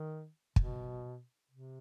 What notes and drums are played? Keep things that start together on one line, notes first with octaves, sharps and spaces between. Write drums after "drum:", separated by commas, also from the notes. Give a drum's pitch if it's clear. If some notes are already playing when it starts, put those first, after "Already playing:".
Already playing: D#3
B2, drum: kick
C3